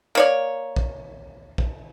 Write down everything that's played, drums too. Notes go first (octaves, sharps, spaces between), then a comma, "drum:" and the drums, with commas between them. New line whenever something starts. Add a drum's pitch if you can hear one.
A#3 C#5 D5
drum: kick
drum: kick